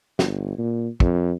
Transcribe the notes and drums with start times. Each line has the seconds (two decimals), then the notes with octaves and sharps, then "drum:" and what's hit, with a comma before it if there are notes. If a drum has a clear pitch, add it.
0.19 G1, drum: snare
0.58 A#2
1.00 F2, drum: kick